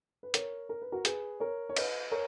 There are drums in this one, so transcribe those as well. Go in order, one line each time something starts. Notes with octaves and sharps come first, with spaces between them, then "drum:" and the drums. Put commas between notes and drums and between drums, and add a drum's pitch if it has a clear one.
B4
A#4 C#5, drum: hi-hat
A#4
B4
F#4 A#4
G#4 B4, drum: hi-hat
A#4 C#5
C#5
B4 D#5, drum: cymbal
A#4 C#5